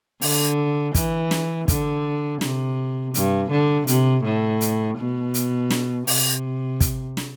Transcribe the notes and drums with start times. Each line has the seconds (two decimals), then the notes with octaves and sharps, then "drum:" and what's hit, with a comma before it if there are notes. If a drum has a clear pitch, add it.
0.22 D3, drum: open hi-hat
0.95 E3, drum: kick, hi-hat
1.31 drum: snare
1.68 D3, drum: kick, hi-hat
2.41 C3, drum: snare
3.14 G2, drum: hi-hat
3.51 D3
3.87 C3, drum: hi-hat
4.24 A2
4.61 drum: hi-hat
4.98 B2
5.34 drum: hi-hat
5.71 drum: snare
6.07 C3, drum: open hi-hat
6.80 drum: kick, hi-hat
7.17 drum: snare